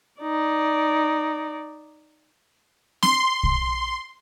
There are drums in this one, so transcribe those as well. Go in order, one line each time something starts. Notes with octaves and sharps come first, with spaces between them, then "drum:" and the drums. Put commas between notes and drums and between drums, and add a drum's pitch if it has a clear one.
D#4 D5
C6, drum: snare C4
drum: kick